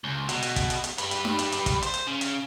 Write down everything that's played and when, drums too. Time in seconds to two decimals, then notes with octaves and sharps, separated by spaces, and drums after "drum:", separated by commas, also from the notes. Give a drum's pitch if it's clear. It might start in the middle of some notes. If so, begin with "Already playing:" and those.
0.04 C#2
0.29 B2, drum: hi-hat
0.42 drum: hi-hat
0.56 drum: kick, hi-hat
0.70 drum: hi-hat
0.84 drum: hi-hat
0.98 G3 B4, drum: hi-hat
1.11 drum: hi-hat
1.25 drum: snare
1.39 drum: hi-hat
1.52 drum: hi-hat
1.66 drum: kick, hi-hat
1.83 C5, drum: hi-hat
1.94 drum: hi-hat
2.07 C#3
2.21 drum: hi-hat